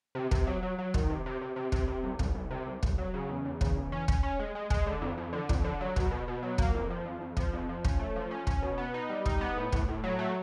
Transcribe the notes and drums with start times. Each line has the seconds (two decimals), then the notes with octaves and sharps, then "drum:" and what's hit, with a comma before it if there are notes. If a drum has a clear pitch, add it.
0.15 C3
0.31 C3, drum: kick
0.47 F#3
0.63 F#3
0.78 F#3
0.94 D#3, drum: kick
1.10 C3
1.26 C3
1.41 C3
1.56 C3
1.72 C3, drum: kick
1.88 C3
2.04 C2
2.19 C2, drum: kick
2.35 C2
2.51 C3
2.67 C2
2.83 C2, drum: kick
2.98 F#3
3.14 C#3
3.29 E2
3.45 E2
3.61 C#3, drum: kick
3.76 E2
3.92 C#4
4.08 C#4, drum: kick
4.23 C#4
4.39 G#3
4.55 G#3
4.70 G#3, drum: kick
4.86 D3
5.02 F2
5.17 F2
5.33 D3
5.49 F2, drum: kick
5.64 D3
5.81 F#3
5.96 B2, drum: kick
6.11 B2
6.28 B2
6.43 F#3
6.58 A#3, drum: kick
6.74 F2
6.90 F3
7.05 F2
7.21 F2
7.37 F3, drum: kick
7.53 F2
7.69 F3
7.84 C#4, drum: kick
7.99 A3
8.16 F3
8.31 C#4
8.47 C#4, drum: kick
8.62 B2
8.78 B3
8.94 D#4
9.09 G3
9.26 D#4, drum: kick
9.41 B3
9.57 A2
9.72 A2, drum: kick
9.88 A2
10.04 F#3
10.19 A3